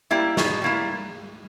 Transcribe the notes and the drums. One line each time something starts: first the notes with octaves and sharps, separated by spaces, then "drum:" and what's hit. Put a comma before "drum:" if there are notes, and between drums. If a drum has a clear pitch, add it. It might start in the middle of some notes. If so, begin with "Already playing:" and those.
G3 A#3 E4
B2, drum: snare
G3 A#3 E4